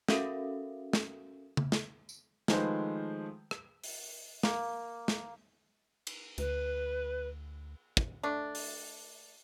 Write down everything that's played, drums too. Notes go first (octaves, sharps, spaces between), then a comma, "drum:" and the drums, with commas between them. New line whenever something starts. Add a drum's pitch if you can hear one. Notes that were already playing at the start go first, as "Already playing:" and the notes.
C#4 F#4 A4 A#4 E5 F5, drum: snare
drum: snare
drum: tom C#3
drum: snare
drum: tambourine
D#3 F3 G#3 A3 B4 C5, drum: snare
drum: rim click
drum: open hi-hat
A#3, drum: snare
drum: snare
drum: cymbal
D2 B4, drum: hi-hat
drum: kick
A3 D4
drum: open hi-hat